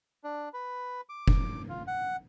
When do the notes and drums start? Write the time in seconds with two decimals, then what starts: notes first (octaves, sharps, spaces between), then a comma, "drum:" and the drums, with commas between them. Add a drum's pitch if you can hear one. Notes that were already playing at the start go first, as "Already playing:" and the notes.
0.24 D4
0.54 B4
1.09 D6
1.27 drum: kick F1
1.69 F4
1.87 F#5